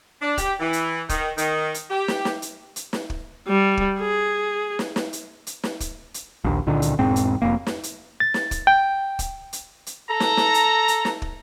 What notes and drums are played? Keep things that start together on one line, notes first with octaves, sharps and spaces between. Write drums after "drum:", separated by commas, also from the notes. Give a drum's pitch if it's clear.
D4
G4, drum: kick, hi-hat
E3
drum: hi-hat
D#3, drum: kick, hi-hat
D#3, drum: hi-hat
drum: hi-hat
G4
drum: snare
drum: snare
drum: hi-hat
drum: hi-hat
drum: snare
drum: kick
G3
drum: kick
G#4
drum: snare
drum: snare
drum: hi-hat
drum: hi-hat
drum: snare
drum: kick, hi-hat
drum: hi-hat
A#1 D#2
C#2 A#2 D3 D#3
drum: hi-hat
E1 G#2 C4
drum: hi-hat
F1 A#3
drum: snare
drum: hi-hat
A6
drum: snare
drum: kick, hi-hat
G5
drum: kick, hi-hat
drum: hi-hat
drum: hi-hat
A4 A#5
drum: snare
drum: snare
drum: hi-hat
drum: hi-hat
drum: snare
drum: kick